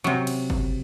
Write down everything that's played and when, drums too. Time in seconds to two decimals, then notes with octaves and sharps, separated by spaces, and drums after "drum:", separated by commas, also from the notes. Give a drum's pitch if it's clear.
0.04 C3 F#3
0.27 drum: cymbal
0.50 drum: kick